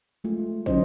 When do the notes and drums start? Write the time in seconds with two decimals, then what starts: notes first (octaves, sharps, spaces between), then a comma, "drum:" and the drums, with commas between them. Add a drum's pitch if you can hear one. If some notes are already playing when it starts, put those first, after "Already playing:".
0.24 G#3 A3 F4
0.66 D3 F#3 C#4 D#4 C5 D#5, drum: kick